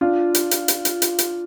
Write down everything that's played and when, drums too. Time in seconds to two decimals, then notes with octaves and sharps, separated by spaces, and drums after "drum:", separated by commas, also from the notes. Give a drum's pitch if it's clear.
0.01 D4 F4
0.35 drum: hi-hat
0.51 drum: hi-hat
0.68 drum: hi-hat
0.85 drum: hi-hat
1.02 drum: hi-hat
1.19 drum: hi-hat